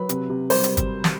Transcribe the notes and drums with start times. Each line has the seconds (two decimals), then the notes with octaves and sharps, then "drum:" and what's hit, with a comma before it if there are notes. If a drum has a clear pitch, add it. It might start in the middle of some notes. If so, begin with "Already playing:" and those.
Already playing: F#3 B4
0.09 C3, drum: hi-hat
0.30 C3
0.50 G3 C5, drum: open hi-hat
0.64 drum: hi-hat
0.77 drum: kick, hi-hat
1.04 drum: snare